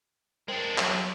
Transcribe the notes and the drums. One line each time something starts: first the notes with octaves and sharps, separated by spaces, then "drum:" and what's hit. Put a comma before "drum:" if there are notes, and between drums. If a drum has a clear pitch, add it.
G#3 D4 A#4 C5 G5
F#3 E5, drum: clap